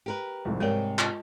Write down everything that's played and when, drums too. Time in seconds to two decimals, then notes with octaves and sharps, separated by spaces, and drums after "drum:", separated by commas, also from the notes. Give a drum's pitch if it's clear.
0.06 G4 A#4 B4
0.45 C2 F2 G#2
0.60 G#2 C3 G3 G#3 A#4 C#5 G5
0.99 F4 D#5 A5, drum: clap